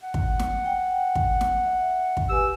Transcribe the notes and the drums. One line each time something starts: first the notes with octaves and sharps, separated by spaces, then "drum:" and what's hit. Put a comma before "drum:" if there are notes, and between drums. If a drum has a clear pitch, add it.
F#5
drum: kick
drum: snare
G5
drum: kick
drum: snare
E5
drum: kick
G4 B4 G#5 E6